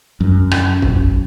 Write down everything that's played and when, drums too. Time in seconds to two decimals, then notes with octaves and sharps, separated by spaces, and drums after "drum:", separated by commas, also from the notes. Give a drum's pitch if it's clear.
0.21 F#2
0.51 drum: rim click
0.82 drum: kick